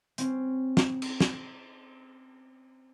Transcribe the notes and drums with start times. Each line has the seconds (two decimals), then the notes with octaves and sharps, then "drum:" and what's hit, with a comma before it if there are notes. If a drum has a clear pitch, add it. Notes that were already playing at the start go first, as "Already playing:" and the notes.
0.18 C4 C#4, drum: hi-hat
0.77 drum: snare
1.02 drum: cymbal
1.20 drum: snare